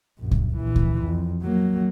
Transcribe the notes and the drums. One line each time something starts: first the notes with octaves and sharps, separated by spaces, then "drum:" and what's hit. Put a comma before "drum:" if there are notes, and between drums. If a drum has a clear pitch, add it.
A#1 F#2
drum: kick C#2
A#1 E3
drum: kick C#2
F2
F#3 A#3